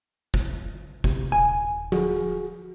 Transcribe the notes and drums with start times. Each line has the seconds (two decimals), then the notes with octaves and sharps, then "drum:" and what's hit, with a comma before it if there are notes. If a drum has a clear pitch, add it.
0.34 drum: kick
1.04 C3, drum: kick
1.32 D#1 G#5
1.92 F#4 G#4, drum: tom F3